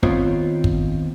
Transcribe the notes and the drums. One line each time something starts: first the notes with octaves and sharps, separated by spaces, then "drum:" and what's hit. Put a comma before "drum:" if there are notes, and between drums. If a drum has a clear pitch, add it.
D#3 B3 C4 F4 C5 C#5, drum: kick
drum: kick